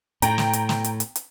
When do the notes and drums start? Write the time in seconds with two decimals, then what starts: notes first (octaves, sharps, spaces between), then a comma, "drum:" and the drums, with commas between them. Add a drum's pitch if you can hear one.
0.22 A2 G5 A#5, drum: hi-hat
0.38 drum: snare
0.53 drum: hi-hat
0.69 drum: snare
0.84 drum: hi-hat
1.00 drum: hi-hat
1.16 drum: hi-hat